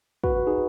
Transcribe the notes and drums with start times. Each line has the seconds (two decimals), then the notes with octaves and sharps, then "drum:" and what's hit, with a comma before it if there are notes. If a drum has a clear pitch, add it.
0.24 F#4 B4, drum: kick
0.47 D#4 G#4